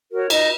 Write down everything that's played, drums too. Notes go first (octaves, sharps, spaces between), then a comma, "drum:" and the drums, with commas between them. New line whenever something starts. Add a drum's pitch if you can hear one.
F#4 A#4 C#5
D#4, drum: cymbal